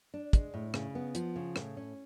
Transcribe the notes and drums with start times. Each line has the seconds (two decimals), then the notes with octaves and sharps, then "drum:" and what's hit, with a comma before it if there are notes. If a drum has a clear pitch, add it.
0.14 D4
0.33 G#3, drum: kick, hi-hat
0.54 A2
0.74 C#3, drum: rim click
0.95 B3
1.15 F3, drum: hi-hat
1.36 C#3
1.56 A2, drum: rim click
1.77 C#4